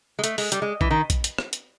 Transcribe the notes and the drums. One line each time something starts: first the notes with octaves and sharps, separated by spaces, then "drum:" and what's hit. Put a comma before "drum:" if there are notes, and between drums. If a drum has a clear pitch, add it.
G#3
A3, drum: hi-hat
G#3, drum: open hi-hat
G3, drum: hi-hat
G#3
E3, drum: kick A#1
D#3
drum: kick A#1, hi-hat
drum: hi-hat
drum: rim click
drum: hi-hat